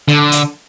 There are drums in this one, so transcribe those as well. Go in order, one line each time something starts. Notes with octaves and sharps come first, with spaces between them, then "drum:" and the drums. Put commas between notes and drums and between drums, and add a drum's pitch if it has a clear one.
D3
drum: hi-hat